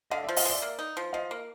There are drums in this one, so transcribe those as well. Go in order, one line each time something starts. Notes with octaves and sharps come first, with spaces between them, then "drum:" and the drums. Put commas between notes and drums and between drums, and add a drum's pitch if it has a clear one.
D3 D#5 F5
D5 E5
F3
D#5 F5, drum: open hi-hat
G#3 D5 E5
A#3
D#4
F3
F3 D#5 F5
A#3